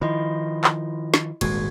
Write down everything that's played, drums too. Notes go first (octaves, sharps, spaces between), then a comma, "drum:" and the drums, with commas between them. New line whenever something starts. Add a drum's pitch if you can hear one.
D#3 F3 E4 D#5 C6
drum: clap
drum: snare
D#1 G#1 G#3 F#4 G#6, drum: cymbal